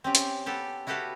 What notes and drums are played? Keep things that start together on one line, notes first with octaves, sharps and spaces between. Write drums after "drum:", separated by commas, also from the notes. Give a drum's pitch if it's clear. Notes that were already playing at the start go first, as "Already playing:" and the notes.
C4 C#4 G4
drum: hi-hat
B3 G4 A4
E4 F#4 G4 A4 B4 F5